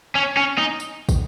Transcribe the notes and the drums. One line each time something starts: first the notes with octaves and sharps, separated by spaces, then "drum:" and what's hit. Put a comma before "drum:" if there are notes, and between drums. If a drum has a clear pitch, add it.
C#4
C#4
D#4
drum: tambourine
drum: kick, tambourine